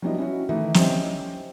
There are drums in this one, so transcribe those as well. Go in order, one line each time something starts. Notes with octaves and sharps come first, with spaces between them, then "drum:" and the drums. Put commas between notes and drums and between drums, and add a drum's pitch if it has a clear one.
F#3 G3 B3 D4 E4 D#5
C#4 E4 F#4
D#3 E3 A3 D#4 E4
C#4 G4 C5 D#5 E5, drum: snare